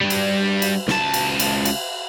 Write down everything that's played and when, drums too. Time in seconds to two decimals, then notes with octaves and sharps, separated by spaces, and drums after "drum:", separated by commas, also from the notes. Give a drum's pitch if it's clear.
0.01 G2 G3
0.10 drum: cymbal
0.62 drum: cymbal
0.88 C#2 A5, drum: snare
1.14 drum: cymbal
1.40 drum: cymbal
1.65 drum: cymbal